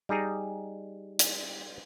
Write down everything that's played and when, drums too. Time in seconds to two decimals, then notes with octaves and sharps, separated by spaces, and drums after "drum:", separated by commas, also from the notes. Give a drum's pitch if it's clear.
0.09 G3 D#4 G#4 A#5
1.19 drum: hi-hat